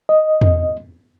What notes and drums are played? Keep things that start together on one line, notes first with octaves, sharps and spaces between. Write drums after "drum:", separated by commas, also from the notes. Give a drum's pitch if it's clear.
D#5
drum: tom E2